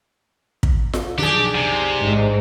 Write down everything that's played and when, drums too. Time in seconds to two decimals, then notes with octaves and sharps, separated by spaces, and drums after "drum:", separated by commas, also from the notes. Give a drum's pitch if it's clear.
0.63 drum: kick
0.93 drum: snare F4
1.18 B1 F2 D#3 D4 G4 G#4
1.54 C3
2.04 A1 G#2